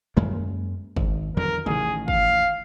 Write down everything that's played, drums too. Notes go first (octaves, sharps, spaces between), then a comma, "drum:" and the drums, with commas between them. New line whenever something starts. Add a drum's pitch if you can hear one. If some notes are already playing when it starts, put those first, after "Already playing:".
F#2 G#3 A#3
G#1, drum: kick
E2 D3 F#3 A#4
A1 D#3 G#4, drum: tom C3
F5, drum: kick